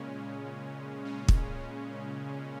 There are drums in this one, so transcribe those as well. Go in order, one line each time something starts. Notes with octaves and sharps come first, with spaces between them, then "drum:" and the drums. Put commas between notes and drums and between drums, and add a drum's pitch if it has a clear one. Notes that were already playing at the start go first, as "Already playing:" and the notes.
Already playing: A#2 C#3 G#3 C#4
C#3 C#4
drum: kick